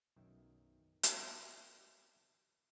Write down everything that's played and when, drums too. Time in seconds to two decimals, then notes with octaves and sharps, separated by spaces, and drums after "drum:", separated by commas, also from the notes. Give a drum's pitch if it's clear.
0.16 B1 F#2 D#3 E5 G5
1.03 A4 A#4 D5, drum: hi-hat